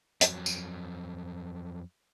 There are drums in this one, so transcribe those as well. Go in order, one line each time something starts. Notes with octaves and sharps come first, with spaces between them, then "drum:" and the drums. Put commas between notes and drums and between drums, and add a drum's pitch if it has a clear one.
F2 F#3, drum: hi-hat
drum: tambourine